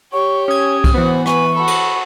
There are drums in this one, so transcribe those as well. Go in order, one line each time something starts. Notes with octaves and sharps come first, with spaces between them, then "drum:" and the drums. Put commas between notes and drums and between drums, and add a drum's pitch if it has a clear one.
G4 C#5 C#6
C#4 D#6 G#6
drum: kick C2, cymbal
E3 B3 F#4 C5
B4 G#5 C#6, drum: rim click
F#4 A4 B5
drum: cymbal